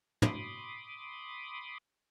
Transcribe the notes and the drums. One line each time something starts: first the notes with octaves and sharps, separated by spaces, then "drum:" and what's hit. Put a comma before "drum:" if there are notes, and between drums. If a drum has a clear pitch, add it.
B5 C6 D6 D#6, drum: tom